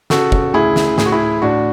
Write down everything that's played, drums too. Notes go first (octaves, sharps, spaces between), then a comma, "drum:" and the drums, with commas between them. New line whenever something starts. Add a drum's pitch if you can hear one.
C#3 F#4 A4, drum: snare
drum: kick
D2 E4 G#4
drum: snare
A2 G#4, drum: snare
F#4
E4 G#4
A2 D4 F#4